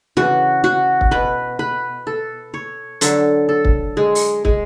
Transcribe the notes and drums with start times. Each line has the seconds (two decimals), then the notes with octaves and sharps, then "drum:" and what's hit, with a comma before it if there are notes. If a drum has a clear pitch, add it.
0.17 C#3 E3 F#4
0.64 F#4
1.01 drum: kick
1.11 B2 B4
1.59 B4
2.07 A4
2.54 C#5
3.01 D3 F#3 A4, drum: hi-hat
3.49 A4
3.65 drum: kick
3.97 G#3
4.15 drum: open hi-hat
4.45 G#3, drum: kick